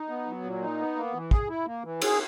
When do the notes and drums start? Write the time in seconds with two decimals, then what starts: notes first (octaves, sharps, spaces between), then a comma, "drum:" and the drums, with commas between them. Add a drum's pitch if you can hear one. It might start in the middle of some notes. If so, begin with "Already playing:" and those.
Already playing: D#4
0.09 B3
0.26 F#3
0.44 A#2
0.61 D#4
0.78 B3
0.96 A#3
1.13 E3
1.31 G#4, drum: kick
1.49 E4
1.66 A#3
1.84 E3
2.02 G#4, drum: cymbal